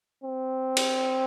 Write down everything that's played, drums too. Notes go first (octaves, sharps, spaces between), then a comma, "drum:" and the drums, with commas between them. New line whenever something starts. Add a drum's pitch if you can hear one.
C4
drum: cymbal